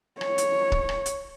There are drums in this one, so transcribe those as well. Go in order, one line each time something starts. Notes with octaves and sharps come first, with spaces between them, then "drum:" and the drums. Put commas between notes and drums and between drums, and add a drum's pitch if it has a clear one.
C#5, drum: rim click
drum: hi-hat
drum: kick C#1
drum: rim click
drum: hi-hat